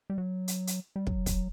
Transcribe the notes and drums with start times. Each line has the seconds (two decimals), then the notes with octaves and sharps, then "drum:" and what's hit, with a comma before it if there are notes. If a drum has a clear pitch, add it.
0.10 G3
0.18 F#3
0.48 drum: hi-hat
0.67 drum: hi-hat
0.96 G3
1.07 F#3, drum: kick
1.26 drum: kick, hi-hat